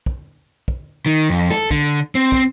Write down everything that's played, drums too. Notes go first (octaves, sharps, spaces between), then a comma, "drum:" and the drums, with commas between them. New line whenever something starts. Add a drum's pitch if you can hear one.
drum: kick
drum: kick
D#3
F2
A4, drum: snare
D3, drum: kick
C4
drum: kick